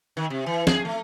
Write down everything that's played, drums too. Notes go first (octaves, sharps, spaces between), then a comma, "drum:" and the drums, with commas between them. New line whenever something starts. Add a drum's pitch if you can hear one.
D#3
C3
E3
G#4, drum: snare
A3